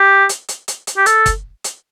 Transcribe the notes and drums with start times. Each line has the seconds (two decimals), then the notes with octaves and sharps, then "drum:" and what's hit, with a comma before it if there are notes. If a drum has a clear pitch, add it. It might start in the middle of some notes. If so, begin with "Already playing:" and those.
Already playing: G4
0.29 drum: hi-hat
0.49 drum: hi-hat
0.68 drum: hi-hat
0.87 drum: hi-hat
0.97 G4
1.06 A4, drum: hi-hat
1.26 drum: kick F#1, hi-hat
1.64 drum: hi-hat